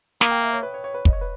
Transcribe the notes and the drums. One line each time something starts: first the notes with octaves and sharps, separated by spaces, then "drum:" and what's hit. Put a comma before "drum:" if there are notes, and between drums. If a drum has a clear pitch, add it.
A#3 D#6, drum: snare
G5
E5
C#5
B4
C#5
C#5
B4
D#5, drum: kick
C#5
B4